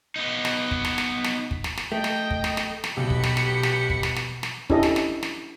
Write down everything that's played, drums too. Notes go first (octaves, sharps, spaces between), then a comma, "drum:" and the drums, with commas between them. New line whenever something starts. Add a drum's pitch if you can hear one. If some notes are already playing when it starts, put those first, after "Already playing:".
B3 D#4
drum: snare
drum: kick
drum: snare
drum: snare
drum: snare
drum: kick
drum: snare
drum: snare
A3 D#5 G5
drum: snare
drum: kick
drum: snare
drum: snare
drum: snare
B1 B2 F#4 G4 B5 C#7
drum: kick
drum: snare
drum: snare
drum: snare
drum: kick
drum: snare
drum: snare
drum: snare
C#4 D4 E4 G4 A4 D#5, drum: kick
drum: snare
drum: snare
drum: snare